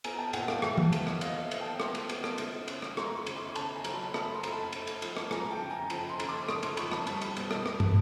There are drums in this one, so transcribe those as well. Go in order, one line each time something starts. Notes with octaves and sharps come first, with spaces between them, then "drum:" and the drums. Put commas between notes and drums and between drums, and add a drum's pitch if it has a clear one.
B3 G#5 A#5, drum: cymbal
G5 A5
A#2 F#5 G#5, drum: cymbal
F5 G5, drum: rim click
A#2 E5 F#5, drum: rim click
drum: tom
B3, drum: cymbal
drum: rim click
B3 D#5 F5, drum: cymbal
E5
B3, drum: cymbal
G5 A5
B3 C6 D6, drum: rim click
drum: cymbal
B3, drum: cymbal
drum: rim click
C#3, drum: cymbal
C#4, drum: cymbal
drum: rim click
A3 A#5 C6, drum: rim click
B5 C#6
C#3, drum: cymbal
C6 D6
C#3 A5 B5, drum: cymbal
G#5 A#5
F#3, drum: cymbal
A5 B5
A3 A5 B5, drum: rim click
A#5 C6
A3, drum: cymbal
A5 B5
A3, drum: cymbal
drum: cymbal
F3, drum: cymbal
drum: rim click
F3 G#5 A#5, drum: rim click
G5 A5
C#3
G#5 A#5
F3 A5 B5, drum: cymbal
A#5 C6
C#3, drum: cymbal
C6 D6
A3 C#6 D#6, drum: rim click
C6 D6, drum: cymbal
F3 B5 C#6, drum: cymbal
A5 B5, drum: rim click
G3 A5 B5, drum: cymbal
drum: cymbal
B2, drum: cymbal
drum: rim click
B2, drum: rim click
drum: tom